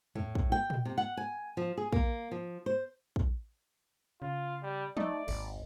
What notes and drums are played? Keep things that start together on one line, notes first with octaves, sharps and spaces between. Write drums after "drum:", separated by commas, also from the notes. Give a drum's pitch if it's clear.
A2, drum: tom E2
drum: kick
G5
drum: tom A#2
C3
F#5
G#5
F3
G#4
A#3, drum: kick
F3
C5
drum: kick
C#3 F4
G3
A3 D#4 D5, drum: tom F3
G#1 D#2, drum: cymbal